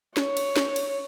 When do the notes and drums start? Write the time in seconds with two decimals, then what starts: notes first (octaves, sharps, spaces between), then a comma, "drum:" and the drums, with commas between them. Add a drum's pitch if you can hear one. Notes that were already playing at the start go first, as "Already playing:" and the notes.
0.17 C#5, drum: snare
0.37 drum: cymbal
0.56 drum: snare
0.76 drum: cymbal